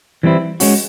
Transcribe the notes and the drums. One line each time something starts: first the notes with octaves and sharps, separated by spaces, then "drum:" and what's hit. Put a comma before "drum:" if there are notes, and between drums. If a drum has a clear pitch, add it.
E3 G3 C4 E4
G#3 C#4 F#4, drum: open hi-hat